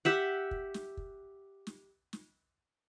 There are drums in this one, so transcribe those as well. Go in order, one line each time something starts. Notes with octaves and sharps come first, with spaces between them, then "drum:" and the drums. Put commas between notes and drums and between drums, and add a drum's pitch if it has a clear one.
G4 E5 F#5
drum: kick
drum: snare
drum: kick
drum: snare
drum: snare